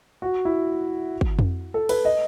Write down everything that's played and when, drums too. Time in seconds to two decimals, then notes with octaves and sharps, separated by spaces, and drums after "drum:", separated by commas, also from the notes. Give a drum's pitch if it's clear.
0.22 F#4
0.45 E4
1.21 drum: kick G1
1.39 drum: tom F2
1.74 A4
1.89 B4, drum: cymbal
2.05 D#5